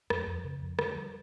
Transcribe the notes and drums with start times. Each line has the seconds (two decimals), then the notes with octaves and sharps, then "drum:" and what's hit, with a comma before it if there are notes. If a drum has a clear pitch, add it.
0.10 F2, drum: rim click
0.27 F2
0.44 C#3
0.62 F2
0.79 D3, drum: rim click
0.96 G3